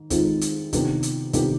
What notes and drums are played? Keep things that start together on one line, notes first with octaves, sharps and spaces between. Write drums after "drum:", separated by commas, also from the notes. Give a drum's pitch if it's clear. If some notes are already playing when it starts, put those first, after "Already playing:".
Already playing: G#2 D#3
G#2 D#3 G#3 C4 F4, drum: kick, hi-hat
drum: hi-hat
C3 D#3 B3 D4 G4, drum: kick, hi-hat
drum: hi-hat
C3 D#3 B3 D4 G4, drum: kick, hi-hat